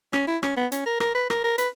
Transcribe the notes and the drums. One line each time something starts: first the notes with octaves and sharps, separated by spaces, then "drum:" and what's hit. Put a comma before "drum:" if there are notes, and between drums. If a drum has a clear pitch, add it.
C#4, drum: rim click
E4
C#4, drum: rim click
B3
C#4, drum: hi-hat
A#4
A#4, drum: rim click
B4
A#4, drum: rim click
A#4
B4, drum: hi-hat